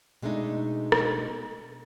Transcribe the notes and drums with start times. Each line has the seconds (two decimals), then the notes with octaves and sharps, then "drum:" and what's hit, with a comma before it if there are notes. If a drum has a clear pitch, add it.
0.22 B2 G#3 A3 D4 D#4
0.92 drum: rim click